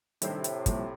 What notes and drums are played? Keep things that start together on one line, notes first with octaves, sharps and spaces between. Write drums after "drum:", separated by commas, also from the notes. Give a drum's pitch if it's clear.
A2 C3 D#3 G3 D4 A4 C5, drum: hi-hat
drum: hi-hat
C2 A#2 F3 C4 G4, drum: kick, hi-hat